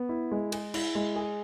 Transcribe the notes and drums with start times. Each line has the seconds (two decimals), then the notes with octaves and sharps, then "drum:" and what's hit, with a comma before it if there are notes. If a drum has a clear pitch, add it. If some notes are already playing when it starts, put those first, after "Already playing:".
Already playing: B3
0.09 E4
0.31 G#3
0.52 G#4, drum: cymbal
0.74 E4, drum: cymbal
0.95 G#3
1.16 G#4